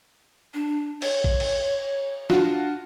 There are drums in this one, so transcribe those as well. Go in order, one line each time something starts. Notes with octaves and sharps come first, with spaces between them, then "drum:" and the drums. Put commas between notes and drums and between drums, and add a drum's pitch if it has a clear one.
D4
C#5, drum: cymbal
drum: kick
drum: cymbal
D4 F4 F#4, drum: snare